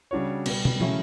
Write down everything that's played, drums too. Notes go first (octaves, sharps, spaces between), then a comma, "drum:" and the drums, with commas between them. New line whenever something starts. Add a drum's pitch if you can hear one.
C#3 G3 D4 F#4 C#5
B2 G3 B3, drum: cymbal
drum: tom
C#3 F#3 A3 C#4 E4, drum: tom